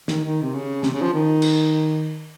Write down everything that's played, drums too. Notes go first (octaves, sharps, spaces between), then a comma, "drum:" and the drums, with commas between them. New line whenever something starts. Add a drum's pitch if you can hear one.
D#3, drum: snare
D#3
C3
C#3
C3, drum: snare
C#3
F3
D#3
drum: cymbal